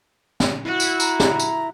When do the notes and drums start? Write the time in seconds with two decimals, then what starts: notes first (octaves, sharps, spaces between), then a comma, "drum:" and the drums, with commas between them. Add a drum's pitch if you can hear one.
0.40 drum: snare
0.65 E4 F#4
0.80 drum: tambourine
1.00 A#5, drum: tambourine
1.20 drum: snare
1.40 drum: tambourine